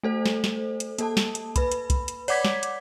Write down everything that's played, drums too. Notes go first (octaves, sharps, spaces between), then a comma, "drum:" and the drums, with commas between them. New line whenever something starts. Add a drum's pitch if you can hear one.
A3 A4 C5
drum: snare
drum: snare
drum: hi-hat
A#3 A4 A5, drum: hi-hat
drum: snare
drum: hi-hat
B4 B5, drum: kick, hi-hat
drum: hi-hat
drum: kick, hi-hat
drum: hi-hat
C#5 D5 F#5 D6 G#6 B6, drum: open hi-hat
drum: snare
drum: hi-hat